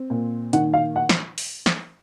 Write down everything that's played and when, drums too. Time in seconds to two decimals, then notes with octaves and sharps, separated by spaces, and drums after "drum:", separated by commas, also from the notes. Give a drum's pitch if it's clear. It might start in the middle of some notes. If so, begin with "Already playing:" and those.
Already playing: C4
0.10 A#2
0.53 D#3 F#5, drum: hi-hat
0.73 F5
0.96 F#5
1.09 drum: snare
1.38 drum: open hi-hat
1.66 drum: snare